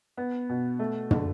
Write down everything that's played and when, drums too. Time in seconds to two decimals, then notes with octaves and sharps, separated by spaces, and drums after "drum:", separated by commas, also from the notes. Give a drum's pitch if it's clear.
0.17 B3
0.49 B2
0.79 A3
1.11 D3, drum: tom